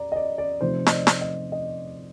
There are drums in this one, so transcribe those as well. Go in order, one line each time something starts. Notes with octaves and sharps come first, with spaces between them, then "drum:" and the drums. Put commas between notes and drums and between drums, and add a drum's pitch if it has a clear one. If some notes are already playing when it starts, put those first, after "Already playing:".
Already playing: D5 A#5
D#5
D5
D5
C3 F3 A3 D#4 C5
D#5, drum: snare
D5
drum: snare
D#5
D#5